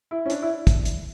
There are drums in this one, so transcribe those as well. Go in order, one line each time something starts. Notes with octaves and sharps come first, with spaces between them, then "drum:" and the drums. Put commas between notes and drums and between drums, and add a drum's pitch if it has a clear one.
E4
C#4
D4, drum: hi-hat
E4
drum: kick, hi-hat
drum: hi-hat